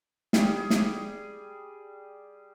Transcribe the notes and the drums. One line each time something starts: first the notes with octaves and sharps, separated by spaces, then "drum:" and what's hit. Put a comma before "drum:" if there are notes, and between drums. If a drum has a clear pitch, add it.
G3 G#4 D#6, drum: snare
drum: snare